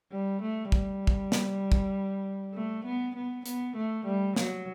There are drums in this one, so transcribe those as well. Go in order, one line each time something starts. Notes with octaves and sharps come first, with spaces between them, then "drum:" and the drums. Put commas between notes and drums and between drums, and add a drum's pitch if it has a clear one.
G3
A3
G3, drum: kick
drum: kick
drum: snare
drum: kick
A3
B3
B3
B3, drum: hi-hat
A3
G3
F#3, drum: snare